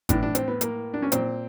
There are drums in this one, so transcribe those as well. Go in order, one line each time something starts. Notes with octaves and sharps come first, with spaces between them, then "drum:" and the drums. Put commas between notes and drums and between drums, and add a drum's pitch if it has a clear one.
A2 E3 D4, drum: kick G1, hi-hat
D4
C4, drum: hi-hat
B3
A#3, drum: hi-hat
D4
C#4
A#2 C4, drum: hi-hat